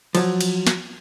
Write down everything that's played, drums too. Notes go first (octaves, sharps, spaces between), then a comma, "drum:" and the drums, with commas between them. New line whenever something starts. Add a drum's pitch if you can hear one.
F3 F#3, drum: cymbal
drum: cymbal
drum: snare